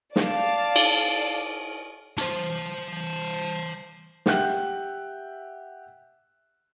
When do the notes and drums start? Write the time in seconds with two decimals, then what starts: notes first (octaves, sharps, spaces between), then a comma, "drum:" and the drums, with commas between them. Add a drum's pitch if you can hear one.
0.16 D5 F5 A5, drum: snare
0.76 drum: cymbal
2.18 C5 A5, drum: hi-hat
4.26 G4 E5 F#5 G5 F#6, drum: snare